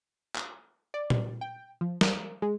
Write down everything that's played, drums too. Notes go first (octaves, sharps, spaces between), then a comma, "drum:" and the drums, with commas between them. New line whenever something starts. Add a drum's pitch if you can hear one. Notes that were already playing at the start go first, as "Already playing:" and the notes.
drum: clap
D5
drum: tom A#2
G5
F3
A#4, drum: snare
G#3